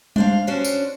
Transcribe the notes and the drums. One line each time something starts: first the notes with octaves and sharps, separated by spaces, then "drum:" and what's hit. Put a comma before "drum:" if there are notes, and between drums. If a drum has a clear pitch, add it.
D4 C5 F5, drum: tom G3
C#4 D4 F#4 C5
drum: tambourine